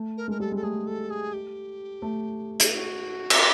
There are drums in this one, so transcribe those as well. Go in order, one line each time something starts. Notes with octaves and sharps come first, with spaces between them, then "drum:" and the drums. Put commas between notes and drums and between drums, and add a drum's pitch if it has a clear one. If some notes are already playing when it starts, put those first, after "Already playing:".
Already playing: A3
A#4
G#3 A#4
G3 A4
G#3 A4
A3 G#4
A4
G#4
G4
A3
drum: hi-hat
F#4
drum: cymbal